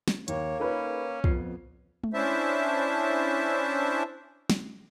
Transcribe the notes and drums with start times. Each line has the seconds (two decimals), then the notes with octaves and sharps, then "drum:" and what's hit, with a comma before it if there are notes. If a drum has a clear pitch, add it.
0.08 drum: snare
0.28 D#2 A#3 C#5, drum: hi-hat
0.60 C#4 D#4 A4 B4 C#5
1.24 F2 F3 B3 C7, drum: kick
2.04 drum: tom G#3
2.14 C#4 D4 E4 C5 E5 A5
4.50 drum: snare